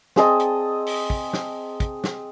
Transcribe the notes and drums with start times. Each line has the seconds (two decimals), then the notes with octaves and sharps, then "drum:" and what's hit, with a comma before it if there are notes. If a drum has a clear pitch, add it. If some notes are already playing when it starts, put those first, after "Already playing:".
0.16 C4 G#4 D#5 A5, drum: snare
0.40 drum: hi-hat
0.86 drum: open hi-hat
1.10 drum: kick
1.33 drum: snare
1.80 drum: kick, hi-hat
2.04 drum: snare